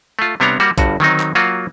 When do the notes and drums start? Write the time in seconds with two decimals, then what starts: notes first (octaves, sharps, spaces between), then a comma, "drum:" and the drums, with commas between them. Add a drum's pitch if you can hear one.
0.19 A3 F4
0.40 C3 G3 B3 D4 C#5 A#5
0.60 G3 A#3 F#4
0.78 G1 G2 F#4, drum: kick, hi-hat
1.00 D#3 F#3 C4 D#4, drum: tom D3
1.20 drum: clap
1.35 F#3 A#3 F4 F#4